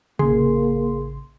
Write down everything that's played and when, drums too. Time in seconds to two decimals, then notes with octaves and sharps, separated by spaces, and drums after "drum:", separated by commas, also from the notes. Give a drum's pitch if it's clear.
0.19 A1 C#3 A#3 G#4 C6, drum: tom C3